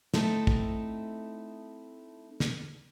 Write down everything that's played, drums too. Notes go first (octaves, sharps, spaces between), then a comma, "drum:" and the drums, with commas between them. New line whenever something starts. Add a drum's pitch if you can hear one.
A3 C4 D#4 E4 A4, drum: snare
drum: kick
drum: snare